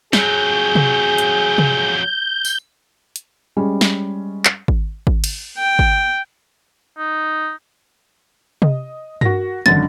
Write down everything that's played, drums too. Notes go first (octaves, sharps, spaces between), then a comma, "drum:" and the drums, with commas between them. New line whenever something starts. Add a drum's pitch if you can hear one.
F2 F#3 G#4 G6, drum: snare
drum: tom C3
drum: hi-hat
drum: tom C3
drum: tambourine
drum: hi-hat
G3 G#3 C#4
drum: snare
drum: clap
drum: kick G#1
drum: kick G#1
drum: cymbal
G5
drum: kick G#1
D#4
D#5, drum: tom C3
F#4 A#4 A#6, drum: tom G2
G#1 F#2 D3 A6, drum: tom D#3